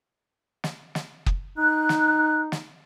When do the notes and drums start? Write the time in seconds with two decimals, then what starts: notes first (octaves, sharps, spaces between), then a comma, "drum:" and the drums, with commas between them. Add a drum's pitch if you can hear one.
0.64 drum: snare
0.95 drum: snare
1.26 drum: kick
1.58 D#4 F#6
1.89 drum: snare
2.52 drum: snare